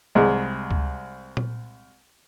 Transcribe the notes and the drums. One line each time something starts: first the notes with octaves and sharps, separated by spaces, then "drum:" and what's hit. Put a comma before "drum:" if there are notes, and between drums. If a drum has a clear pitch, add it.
C2 G#3
drum: kick C#2
drum: tom A#2